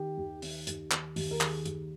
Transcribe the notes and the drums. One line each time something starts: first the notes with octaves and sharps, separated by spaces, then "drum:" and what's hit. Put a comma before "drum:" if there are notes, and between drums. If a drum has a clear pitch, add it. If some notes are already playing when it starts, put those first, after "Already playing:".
Already playing: D#3 G4
D#2
D#3, drum: open hi-hat
D#2, drum: hi-hat
D#3, drum: clap
D#2, drum: open hi-hat
A#4
D#3 G#4, drum: clap
D#2, drum: hi-hat